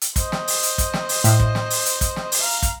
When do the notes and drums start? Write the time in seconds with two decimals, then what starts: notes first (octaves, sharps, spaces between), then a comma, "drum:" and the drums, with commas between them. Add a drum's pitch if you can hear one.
0.02 drum: hi-hat
0.16 C5 D#5, drum: kick, hi-hat
0.32 drum: snare
0.48 drum: open hi-hat
0.63 drum: hi-hat
0.78 drum: kick, hi-hat
0.94 drum: snare
1.09 drum: open hi-hat
1.24 A2, drum: hi-hat
1.40 drum: kick
1.55 drum: snare
1.70 drum: open hi-hat
1.86 drum: hi-hat
2.01 drum: kick, hi-hat
2.16 drum: snare
2.32 drum: open hi-hat
2.42 F5 A#5
2.62 drum: kick, hi-hat